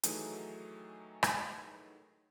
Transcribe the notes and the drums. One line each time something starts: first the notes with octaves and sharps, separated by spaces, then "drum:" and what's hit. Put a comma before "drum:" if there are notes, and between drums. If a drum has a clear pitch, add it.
D#3 E3 F#3 A3 D#4 G#4, drum: hi-hat
drum: rim click